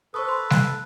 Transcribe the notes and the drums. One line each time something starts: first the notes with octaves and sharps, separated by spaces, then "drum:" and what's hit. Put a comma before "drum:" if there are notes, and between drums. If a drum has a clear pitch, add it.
A4 B4 C5 C#6 D#6
C6
F#6, drum: snare G3